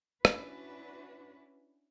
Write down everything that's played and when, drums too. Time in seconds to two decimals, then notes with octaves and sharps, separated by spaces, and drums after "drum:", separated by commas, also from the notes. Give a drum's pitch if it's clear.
0.25 C#4 D4 E4 F#4 B4, drum: rim click